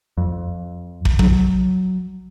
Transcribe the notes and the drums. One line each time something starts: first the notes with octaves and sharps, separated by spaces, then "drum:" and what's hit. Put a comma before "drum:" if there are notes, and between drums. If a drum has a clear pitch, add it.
F2
drum: kick
F#3, drum: kick